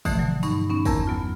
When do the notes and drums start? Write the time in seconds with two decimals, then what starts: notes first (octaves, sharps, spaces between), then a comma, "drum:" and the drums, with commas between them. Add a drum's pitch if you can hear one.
0.05 B2 D3 E3 F3 A3, drum: kick, tambourine
0.19 F#3
0.43 G2 D#4 C#6, drum: tambourine
0.69 B3 C#4 D#4
0.85 E2 A#4 A5 A#5 E6 G#6, drum: kick, tambourine
1.07 F#3 B3 F4